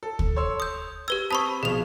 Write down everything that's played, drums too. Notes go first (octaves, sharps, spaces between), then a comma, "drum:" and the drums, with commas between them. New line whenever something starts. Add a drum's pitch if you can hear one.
A4
drum: kick
C#5 C6 E6
D#6 G6
G4 B4 E6 G#6
C4 A5 B5 C#6 D#6 B6
B1 B2 F3 G#4 F7